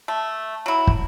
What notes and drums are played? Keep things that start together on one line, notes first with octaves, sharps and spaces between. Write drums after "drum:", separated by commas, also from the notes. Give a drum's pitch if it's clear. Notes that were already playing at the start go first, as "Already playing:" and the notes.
A3
F#3 E4
drum: kick